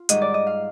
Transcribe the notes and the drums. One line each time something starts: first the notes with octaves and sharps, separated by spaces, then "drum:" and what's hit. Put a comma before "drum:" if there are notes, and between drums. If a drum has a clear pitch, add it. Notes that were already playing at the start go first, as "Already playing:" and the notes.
Already playing: F4
G#2 D#3 G3 D#5, drum: hi-hat
D5
D#5
F5